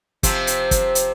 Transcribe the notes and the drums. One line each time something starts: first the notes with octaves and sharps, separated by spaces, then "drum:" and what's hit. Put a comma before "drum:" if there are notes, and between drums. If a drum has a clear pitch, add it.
C3 F3 C4, drum: kick, hi-hat
drum: hi-hat
drum: kick, hi-hat
drum: hi-hat